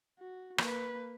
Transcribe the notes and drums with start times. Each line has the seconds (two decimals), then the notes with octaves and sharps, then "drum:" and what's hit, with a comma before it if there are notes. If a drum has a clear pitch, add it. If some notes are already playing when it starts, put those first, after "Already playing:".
0.20 F#4
0.58 A#3 B4, drum: rim click